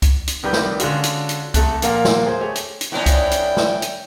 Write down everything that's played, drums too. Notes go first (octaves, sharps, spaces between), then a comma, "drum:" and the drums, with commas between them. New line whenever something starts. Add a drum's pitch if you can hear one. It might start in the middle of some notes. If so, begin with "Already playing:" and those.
drum: kick C#2, hi-hat
drum: hi-hat
C2 D#3 G3 G4 B4 G6
drum: snare
D3 G#3 C#4 F4 F#4, drum: hi-hat
drum: hi-hat
drum: hi-hat
C2 A3 A5 F#6, drum: kick C#2, hi-hat
A#1 A#2 A#3 F4 F5 F#5, drum: hi-hat
drum: snare
G#4 C5
A3 G4 G#4 C#5
drum: hi-hat
drum: hi-hat
F2 B3 C#4 D4 E4 G5
drum: kick C#2, hi-hat
drum: hi-hat
drum: snare
drum: hi-hat